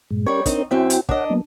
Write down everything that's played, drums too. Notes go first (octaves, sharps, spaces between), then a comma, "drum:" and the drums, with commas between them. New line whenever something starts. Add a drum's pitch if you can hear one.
G2 A#2 G#3
G3 C#4 G4 A#4 C#5
C4 D4 D#4 A#4 C#5, drum: kick, hi-hat
F#2 C4 E4 F#4 E5 G5
drum: hi-hat
D4 A#4 C#5 D#5 F#5, drum: kick
F#3 A#3 B3